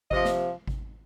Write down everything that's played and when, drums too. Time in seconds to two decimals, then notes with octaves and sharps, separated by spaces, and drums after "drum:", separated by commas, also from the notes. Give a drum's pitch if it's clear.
0.11 C3 F3 D#5, drum: kick G#1
0.25 drum: snare
0.67 drum: kick G#1